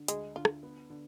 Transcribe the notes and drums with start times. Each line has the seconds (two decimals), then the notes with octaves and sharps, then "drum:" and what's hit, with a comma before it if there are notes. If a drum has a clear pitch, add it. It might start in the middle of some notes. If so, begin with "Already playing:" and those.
Already playing: D3
0.08 D2 G#3, drum: hi-hat
0.36 D3 F4
0.45 drum: rim click
0.63 B3
0.90 D3